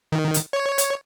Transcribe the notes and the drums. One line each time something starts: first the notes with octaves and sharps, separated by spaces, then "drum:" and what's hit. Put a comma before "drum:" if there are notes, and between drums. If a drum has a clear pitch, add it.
D#3
drum: hi-hat
C#5
drum: hi-hat